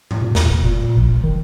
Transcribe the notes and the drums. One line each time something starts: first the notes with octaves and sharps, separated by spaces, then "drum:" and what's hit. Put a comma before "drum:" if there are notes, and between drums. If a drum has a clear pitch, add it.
drum: tom G#2
A#2
E2, drum: snare
F1
A#2
A#1
E1
D#3